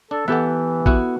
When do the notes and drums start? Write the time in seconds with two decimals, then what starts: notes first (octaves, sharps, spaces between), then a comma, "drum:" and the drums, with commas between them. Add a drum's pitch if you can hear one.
0.11 D4 A4
0.28 E3 B3 G4 A4 E5 F#5
0.86 B3 E4 F#4, drum: kick A#1